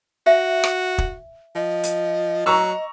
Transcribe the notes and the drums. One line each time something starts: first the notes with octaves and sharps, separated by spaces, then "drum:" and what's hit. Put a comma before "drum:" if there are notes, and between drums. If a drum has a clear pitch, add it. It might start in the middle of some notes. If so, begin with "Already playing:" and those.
F#4 E5
drum: rim click
drum: kick
F3 D#5
drum: hi-hat
F#3 A#5 C#6 E6